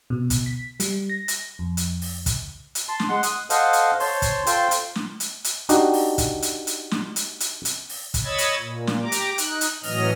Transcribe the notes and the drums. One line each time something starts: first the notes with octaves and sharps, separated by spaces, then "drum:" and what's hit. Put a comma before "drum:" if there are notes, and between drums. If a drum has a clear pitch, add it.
B2
drum: kick, hi-hat
B6
G3, drum: hi-hat
A#6
drum: hi-hat
F2
drum: hi-hat
drum: open hi-hat
drum: kick, hi-hat
drum: hi-hat
A5 C6
drum: snare
G#3 F#5 C6
D#6 F#6, drum: hi-hat
A4 C5 D#5 F5 F#5, drum: hi-hat
drum: hi-hat
C5 C#5 A5 C6, drum: open hi-hat
drum: kick, hi-hat
F4 A4 C5 G5 A5 C6, drum: hi-hat
drum: hi-hat
drum: snare
drum: hi-hat
drum: hi-hat
D4 D#4 F#4 G4, drum: hi-hat
drum: open hi-hat
drum: kick, hi-hat
drum: hi-hat
drum: hi-hat
drum: snare
drum: hi-hat
drum: hi-hat
drum: hi-hat
drum: open hi-hat
drum: kick, hi-hat
C#5 D#5 B5 E6 G#6 A6
drum: hi-hat
A#2
drum: snare
G4 A#5 D6
drum: hi-hat
D#4 F#6, drum: hi-hat
drum: hi-hat
A2 E3 F#3 C#4 D#5 F6, drum: open hi-hat